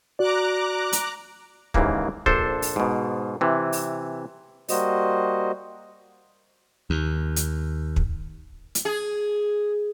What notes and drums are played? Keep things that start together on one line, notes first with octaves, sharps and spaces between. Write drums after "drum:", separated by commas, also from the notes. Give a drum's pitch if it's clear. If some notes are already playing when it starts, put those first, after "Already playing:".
F#4 D5 A#5 D6 F#6
drum: hi-hat
D#2 G#2 C#3 E3 A#3, drum: kick
A#1 D4 A4 C5, drum: kick
drum: open hi-hat
G#2 B2
C3 E3
drum: open hi-hat
G3 A#3 F#4 C5 D#5, drum: open hi-hat
D#2
drum: hi-hat
drum: kick
drum: hi-hat
G#4